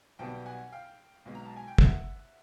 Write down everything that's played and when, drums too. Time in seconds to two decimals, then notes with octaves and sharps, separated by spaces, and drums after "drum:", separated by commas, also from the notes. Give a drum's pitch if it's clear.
0.19 B1 B2 G3 B3 G5 A5
0.46 F#5 G#5
0.72 F5 G5
1.25 B1 B2 G#3 B3
1.35 A#5
1.45 A5
1.56 G#5
1.68 G5
1.78 E5 F#5, drum: kick